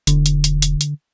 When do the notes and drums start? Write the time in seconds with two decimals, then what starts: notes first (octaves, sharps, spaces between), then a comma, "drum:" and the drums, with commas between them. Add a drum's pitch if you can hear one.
0.07 E1 D3, drum: hi-hat
0.26 drum: hi-hat
0.44 drum: hi-hat
0.62 drum: hi-hat
0.81 drum: hi-hat